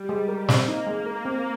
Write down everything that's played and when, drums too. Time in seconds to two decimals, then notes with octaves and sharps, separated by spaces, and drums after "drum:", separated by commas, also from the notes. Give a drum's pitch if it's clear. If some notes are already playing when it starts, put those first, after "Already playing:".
Already playing: G3
0.09 G#3
0.28 A#4
0.48 C4, drum: snare
0.67 A#3 D#4
0.87 G#3
1.06 A#4
1.25 C4